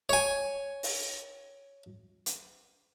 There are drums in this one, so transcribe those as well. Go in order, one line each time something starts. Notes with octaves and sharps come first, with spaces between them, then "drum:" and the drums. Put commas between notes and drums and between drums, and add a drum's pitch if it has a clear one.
C#5 G#5
drum: open hi-hat
drum: hi-hat